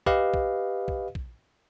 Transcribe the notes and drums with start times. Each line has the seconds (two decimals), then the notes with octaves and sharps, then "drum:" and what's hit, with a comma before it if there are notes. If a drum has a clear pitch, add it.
0.06 G4 B4 D#5 F5, drum: kick
0.34 drum: kick
0.88 drum: kick
1.15 drum: kick